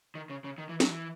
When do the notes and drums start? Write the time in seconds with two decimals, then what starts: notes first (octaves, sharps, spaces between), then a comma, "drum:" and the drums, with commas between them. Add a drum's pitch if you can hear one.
0.15 D#3
0.30 C#3
0.44 C#3
0.58 D#3
0.69 E3
0.80 F#3, drum: snare
0.91 E3